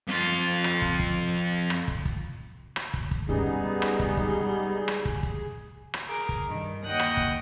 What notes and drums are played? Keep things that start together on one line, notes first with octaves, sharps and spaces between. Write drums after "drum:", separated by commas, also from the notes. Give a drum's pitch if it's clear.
F2 F4
drum: rim click
drum: kick
drum: kick
drum: rim click
drum: kick
drum: kick
drum: rim click
drum: kick
drum: kick
G3 G#3 B3 C#4 D#4 G#4
drum: rim click
drum: kick
drum: kick
drum: rim click
drum: kick
drum: kick
drum: rim click
G#4 A#4 D6
drum: kick
G2 D#3
D#2 D#5 F#5 G5 D#6 F#6
drum: rim click
drum: kick